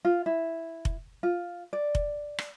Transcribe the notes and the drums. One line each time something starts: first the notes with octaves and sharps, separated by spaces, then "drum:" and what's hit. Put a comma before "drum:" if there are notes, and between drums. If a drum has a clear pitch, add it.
F4
E4
drum: kick F1
F4
D5
drum: kick F1
drum: rim click